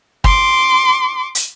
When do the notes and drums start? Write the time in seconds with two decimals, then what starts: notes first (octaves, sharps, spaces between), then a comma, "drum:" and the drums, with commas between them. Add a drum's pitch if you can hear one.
0.24 C6 D6, drum: kick
1.35 drum: hi-hat